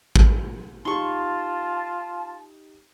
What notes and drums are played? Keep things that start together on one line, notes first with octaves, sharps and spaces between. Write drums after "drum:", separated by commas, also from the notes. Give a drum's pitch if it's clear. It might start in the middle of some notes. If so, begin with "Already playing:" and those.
drum: kick
D#4 F4 G4 A5 C6 C#6